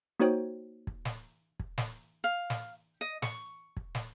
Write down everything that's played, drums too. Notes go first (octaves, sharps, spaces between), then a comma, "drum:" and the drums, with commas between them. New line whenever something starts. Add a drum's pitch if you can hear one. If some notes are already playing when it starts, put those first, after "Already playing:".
A#3 D#4 F#4 C5 C#5 G5
drum: kick
drum: snare
drum: kick
drum: snare
F5
drum: snare
D#5
C#6, drum: snare
drum: kick
drum: snare